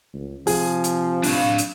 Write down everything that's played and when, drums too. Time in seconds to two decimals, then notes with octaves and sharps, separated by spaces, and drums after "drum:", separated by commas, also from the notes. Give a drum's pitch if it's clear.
0.14 C#2
0.47 C3 F3 G#4, drum: open hi-hat
0.84 drum: hi-hat
1.23 D4 F5, drum: open hi-hat
1.58 drum: hi-hat